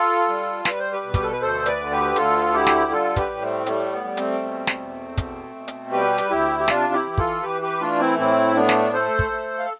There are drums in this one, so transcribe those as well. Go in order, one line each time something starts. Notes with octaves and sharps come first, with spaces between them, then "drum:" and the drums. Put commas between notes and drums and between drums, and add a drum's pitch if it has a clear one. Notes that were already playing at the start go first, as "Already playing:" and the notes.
Already playing: F4 A4
G3
G3 B4, drum: snare
C5
G4 B4
B2
G4, drum: kick, hi-hat
A4
B4
D2 A4 C5
B4 D5, drum: hi-hat
D3
G4 B4
D2 F4 A4, drum: hi-hat
D3 E4 G4
drum: snare
G3 F4 A4
G4 B4, drum: kick, hi-hat
A2
A3 C4
G3 A3, drum: hi-hat
B3
G3
A3 C4, drum: hi-hat
B2
drum: snare
E2
B2, drum: kick, hi-hat
B2
drum: hi-hat
G3 G4 B4
drum: hi-hat
D2 E4 G4
G4
C3 D4 F4, drum: snare
E4 G4
E3
F4 A4, drum: kick
E3 G4 B4
G4 B4
A3 D4 F4
C4 E4
A2 C4 E4
A3 B3 D4
drum: snare
A3 A4 C5
drum: kick
A3
F5